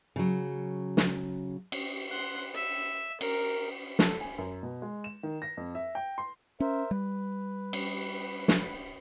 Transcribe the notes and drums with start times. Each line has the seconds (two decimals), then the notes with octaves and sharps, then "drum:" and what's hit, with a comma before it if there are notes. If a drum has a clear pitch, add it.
0.16 C#3 F#3
0.97 drum: snare
1.72 drum: cymbal
2.10 F#5 C6
2.54 E5
3.21 A#4, drum: cymbal
3.99 A4, drum: snare
4.21 G#5
4.38 F#2
4.63 B2
4.82 G#3
5.04 E7
5.23 D#3
5.42 A#6
5.57 F2
5.75 E5
5.95 G5
6.18 C6
6.60 C#4 A#4 C5 E5
6.91 G3 B4
7.73 drum: cymbal
8.48 drum: snare